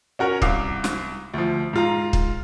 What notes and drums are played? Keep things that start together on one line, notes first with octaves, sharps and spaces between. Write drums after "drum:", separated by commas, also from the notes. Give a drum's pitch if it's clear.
C#4 F#4 A#4 C#5
C2 F5 D6, drum: kick
drum: snare
D2 F3
G#2 F4 A#5
drum: kick